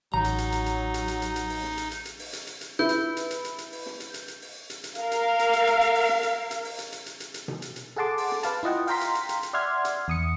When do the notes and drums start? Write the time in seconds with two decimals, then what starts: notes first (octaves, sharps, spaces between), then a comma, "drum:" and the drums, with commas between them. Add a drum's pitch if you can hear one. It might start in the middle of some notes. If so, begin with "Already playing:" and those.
0.14 A1 F#3 D#4 A#5
0.24 drum: hi-hat
0.38 drum: hi-hat
0.52 drum: hi-hat
0.66 drum: hi-hat
0.94 drum: hi-hat
1.08 drum: hi-hat
1.22 drum: hi-hat
1.36 drum: hi-hat
1.50 drum: open hi-hat
1.64 drum: snare
1.77 drum: hi-hat
1.91 drum: hi-hat
2.05 drum: hi-hat
2.19 drum: open hi-hat
2.33 drum: hi-hat
2.47 drum: hi-hat
2.61 drum: hi-hat
2.79 E4 B4 G6
2.89 drum: hi-hat
3.17 drum: hi-hat
3.31 drum: hi-hat
3.44 drum: hi-hat
3.58 drum: hi-hat
3.72 drum: open hi-hat
3.86 drum: snare
4.00 drum: hi-hat
4.14 drum: hi-hat
4.28 drum: hi-hat
4.42 drum: open hi-hat
4.70 drum: hi-hat
4.84 drum: hi-hat
4.95 A#4 F5, drum: hi-hat
5.11 drum: hi-hat
5.39 drum: hi-hat
5.53 drum: hi-hat
5.67 drum: hi-hat
5.81 drum: hi-hat
5.95 drum: open hi-hat
6.09 drum: snare
6.23 drum: hi-hat
6.51 drum: hi-hat
6.65 drum: open hi-hat
6.78 drum: hi-hat
6.92 drum: hi-hat
7.06 drum: hi-hat
7.20 drum: hi-hat
7.34 drum: hi-hat
7.48 drum: tom B2
7.62 drum: hi-hat
7.76 drum: hi-hat
7.97 G#4 A4 F#5 A5 C6 D6
8.18 drum: open hi-hat
8.32 drum: snare
8.43 B4 F5 A5, drum: hi-hat
8.63 E4 F4 D#5 F#5 G5
8.87 F5 G5 A#5 C6 B6, drum: open hi-hat
9.01 drum: hi-hat
9.15 drum: hi-hat
9.29 drum: hi-hat
9.43 drum: hi-hat
9.53 D5 E5 F#5 C6 F6 G#6
9.85 drum: hi-hat
10.08 E2 D#6 C#7